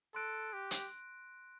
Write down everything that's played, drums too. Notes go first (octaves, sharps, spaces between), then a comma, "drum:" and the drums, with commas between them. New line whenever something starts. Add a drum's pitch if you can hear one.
A4 C6 F#6 A#6 D7
G4
drum: hi-hat